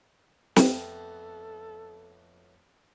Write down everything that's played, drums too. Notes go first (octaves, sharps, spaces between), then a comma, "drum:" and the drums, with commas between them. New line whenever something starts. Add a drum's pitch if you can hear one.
F2 A2 B3 A4 G5, drum: snare